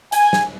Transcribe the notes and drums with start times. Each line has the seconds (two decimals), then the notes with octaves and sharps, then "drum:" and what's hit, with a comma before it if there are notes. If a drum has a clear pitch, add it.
0.12 G#5, drum: hi-hat
0.33 drum: snare